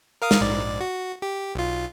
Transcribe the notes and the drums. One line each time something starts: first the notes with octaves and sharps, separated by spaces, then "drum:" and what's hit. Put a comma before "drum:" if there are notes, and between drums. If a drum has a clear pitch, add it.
A#4 F5 D#6
drum: snare
A#1 G#2 D5
F#4
G4
B1 F4